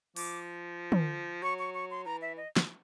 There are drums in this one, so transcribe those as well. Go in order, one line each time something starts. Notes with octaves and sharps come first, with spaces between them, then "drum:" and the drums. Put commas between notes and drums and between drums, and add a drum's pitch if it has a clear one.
F3 D6, drum: open hi-hat
drum: tom
F#3 C#6
C#6
C#6
C6
E3 A#5
E5
D#5
drum: snare